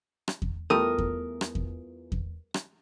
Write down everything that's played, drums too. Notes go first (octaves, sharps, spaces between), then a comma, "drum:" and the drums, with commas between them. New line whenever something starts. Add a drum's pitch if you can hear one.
drum: rim click
drum: kick E2
E2 G3 A3 F4 G4 A#4 D#6
drum: kick E2
drum: rim click
drum: kick E2
drum: kick E2
drum: rim click